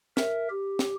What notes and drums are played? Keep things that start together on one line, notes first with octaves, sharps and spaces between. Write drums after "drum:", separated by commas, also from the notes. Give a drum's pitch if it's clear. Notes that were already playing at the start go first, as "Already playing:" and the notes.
A#4 E5, drum: snare
G4
drum: snare